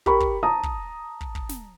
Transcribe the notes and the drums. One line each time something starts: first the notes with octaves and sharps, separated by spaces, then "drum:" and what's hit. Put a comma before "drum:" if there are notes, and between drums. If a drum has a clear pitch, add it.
G4 A#4 B5 C#6, drum: kick
drum: kick
A5 A#5 D#6
drum: kick
drum: kick
drum: kick
drum: snare